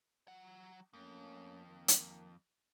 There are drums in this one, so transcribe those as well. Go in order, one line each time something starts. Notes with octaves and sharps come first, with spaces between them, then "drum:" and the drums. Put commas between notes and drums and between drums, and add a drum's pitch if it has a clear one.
F#3 F#5
F2 A3 A#3 C#4
D#3 A#3
drum: hi-hat